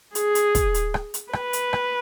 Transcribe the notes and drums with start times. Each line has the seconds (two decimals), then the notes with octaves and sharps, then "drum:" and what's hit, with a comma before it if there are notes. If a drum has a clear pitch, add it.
0.15 G#4, drum: hi-hat
0.35 drum: hi-hat
0.55 drum: kick, hi-hat
0.74 drum: hi-hat
0.94 drum: rim click
1.14 drum: hi-hat
1.33 B4, drum: rim click
1.53 drum: hi-hat
1.73 drum: rim click